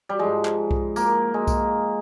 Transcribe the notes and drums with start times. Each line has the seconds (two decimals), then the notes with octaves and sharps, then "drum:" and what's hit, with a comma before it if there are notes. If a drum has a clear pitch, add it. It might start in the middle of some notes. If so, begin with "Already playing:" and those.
0.09 G3
0.19 G#2 F3 G#3
0.45 drum: clap
0.71 drum: kick B1
0.96 A#3, drum: tambourine
1.34 G#3
1.47 drum: kick B1, tambourine